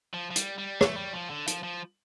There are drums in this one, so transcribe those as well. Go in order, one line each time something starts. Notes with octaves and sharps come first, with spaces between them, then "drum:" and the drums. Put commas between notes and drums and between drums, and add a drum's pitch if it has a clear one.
F3
F3
G3, drum: hi-hat
G3
A3, drum: rim click
G3
F3
D3
F3, drum: hi-hat
F3